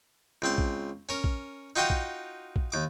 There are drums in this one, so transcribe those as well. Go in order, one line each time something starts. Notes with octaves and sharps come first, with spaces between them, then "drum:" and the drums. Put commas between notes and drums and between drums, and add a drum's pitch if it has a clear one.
C#2 C4 A5
drum: kick
C#4 A#4
drum: kick
D#4 F4 F#4 D#5 G5 A5
drum: kick
drum: kick
D#2 D6